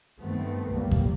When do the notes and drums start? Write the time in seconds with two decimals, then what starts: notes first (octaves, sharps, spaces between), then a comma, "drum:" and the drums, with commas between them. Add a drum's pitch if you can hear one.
0.21 G2 D#3 A3 B3 C4
0.69 G1 C2 G3 A#3
0.91 drum: kick G#1